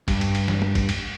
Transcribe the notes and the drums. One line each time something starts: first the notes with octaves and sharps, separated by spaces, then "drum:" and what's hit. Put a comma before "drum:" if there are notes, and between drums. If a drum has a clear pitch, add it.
G2, drum: kick G#1, cymbal
drum: cymbal
drum: cymbal
drum: snare
drum: tom
drum: kick G#1, cymbal
drum: cymbal